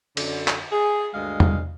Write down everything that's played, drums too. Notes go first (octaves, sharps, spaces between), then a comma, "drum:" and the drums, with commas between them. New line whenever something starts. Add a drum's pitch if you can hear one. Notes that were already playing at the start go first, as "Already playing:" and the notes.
F#2 D3, drum: cymbal
drum: clap
G#4
D2 G2 G#3 D#5 F5
drum: tom E2